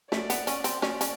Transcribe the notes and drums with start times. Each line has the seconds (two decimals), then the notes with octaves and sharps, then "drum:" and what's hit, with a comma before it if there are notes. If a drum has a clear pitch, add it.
0.12 A3 D5, drum: snare
0.30 B3, drum: hi-hat
0.47 C#4, drum: hi-hat
0.64 C4, drum: hi-hat
0.82 C#4 D5, drum: snare
1.01 C#4, drum: hi-hat